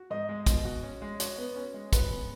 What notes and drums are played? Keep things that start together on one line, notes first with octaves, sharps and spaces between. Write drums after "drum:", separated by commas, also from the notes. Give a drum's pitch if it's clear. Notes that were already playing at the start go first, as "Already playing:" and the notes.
Already playing: F#4
G#2 D#5
G#3
B2, drum: kick, hi-hat
F#4
C#4
G#3
F#4 C#5, drum: hi-hat
B3
C#4
G#3
F#4 B4, drum: kick, hi-hat
B3